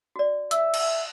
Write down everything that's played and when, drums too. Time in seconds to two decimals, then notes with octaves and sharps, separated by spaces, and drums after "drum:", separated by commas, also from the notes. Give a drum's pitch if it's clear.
0.16 F#4 D5
0.51 E5 E6, drum: hi-hat
0.74 drum: cymbal